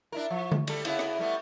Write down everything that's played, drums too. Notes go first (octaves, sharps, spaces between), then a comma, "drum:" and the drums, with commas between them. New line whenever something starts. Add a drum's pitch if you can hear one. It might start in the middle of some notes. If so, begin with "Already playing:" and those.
D4 E4 A#4
F3
drum: tom D3
G3 A4, drum: cymbal
C#3 B3 E4, drum: cymbal
drum: rim click
G3 A3 B3